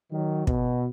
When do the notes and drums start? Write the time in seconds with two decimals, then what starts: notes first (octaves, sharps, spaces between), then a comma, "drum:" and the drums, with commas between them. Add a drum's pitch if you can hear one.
0.13 D#3 F#3
0.47 B2, drum: kick